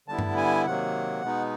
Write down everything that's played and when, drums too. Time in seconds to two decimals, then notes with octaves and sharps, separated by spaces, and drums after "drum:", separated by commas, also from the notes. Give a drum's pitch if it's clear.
0.08 D3 G3 B3 E4 A5
0.19 drum: tom G2
0.37 G#5
0.65 C3 D#3 F#3 A#3 F#5
1.22 B2 G#3 B3 D#4